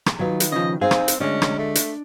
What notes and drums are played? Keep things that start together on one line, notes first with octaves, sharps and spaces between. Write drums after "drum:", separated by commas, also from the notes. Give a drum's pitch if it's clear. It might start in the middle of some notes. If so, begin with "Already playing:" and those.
drum: rim click
D#3 F#3 F4 B4
drum: hi-hat
C#3 F3 D#5
C4 D#4 G#4 C5 F5
drum: rim click
drum: hi-hat
D2 G#3 C#4 D4 D#5
drum: rim click
A3
drum: hi-hat